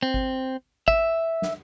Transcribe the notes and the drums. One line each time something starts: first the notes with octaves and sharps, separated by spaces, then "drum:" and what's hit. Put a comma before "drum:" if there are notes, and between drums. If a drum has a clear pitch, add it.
C4
drum: kick G#1
E5, drum: kick G#1
drum: snare